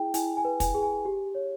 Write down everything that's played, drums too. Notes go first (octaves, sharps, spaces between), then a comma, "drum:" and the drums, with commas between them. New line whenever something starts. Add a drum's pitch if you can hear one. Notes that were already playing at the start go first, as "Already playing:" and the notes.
Already playing: E4 G#4 G5
E4 G#5, drum: hi-hat
G#5
B4
G#5, drum: kick, hi-hat
G#4
G#5
G4
C#5